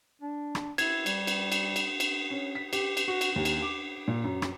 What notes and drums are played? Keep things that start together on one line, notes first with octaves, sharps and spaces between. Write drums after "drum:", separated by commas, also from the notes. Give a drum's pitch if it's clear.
D4
drum: rim click
E4 G#6, drum: cymbal
G3, drum: cymbal
drum: cymbal
drum: cymbal
drum: cymbal
drum: cymbal
C#4
B6
G4, drum: cymbal
drum: cymbal
F#4
drum: cymbal
D#2
drum: cymbal
D6
A#2
F#2
drum: rim click